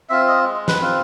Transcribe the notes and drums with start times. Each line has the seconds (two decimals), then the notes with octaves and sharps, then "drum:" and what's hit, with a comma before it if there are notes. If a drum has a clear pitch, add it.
0.09 C4 F4 E5
0.27 D#5
0.44 G#3
0.68 B4, drum: snare
0.80 C4 F4